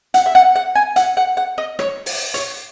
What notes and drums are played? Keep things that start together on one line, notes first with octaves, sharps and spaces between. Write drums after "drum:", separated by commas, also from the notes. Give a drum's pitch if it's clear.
F#5, drum: hi-hat
E5
F#5
F#5
G#5
F#5, drum: hi-hat
F#5
F#5
D#5
C#5, drum: rim click
drum: open hi-hat
C#5, drum: hi-hat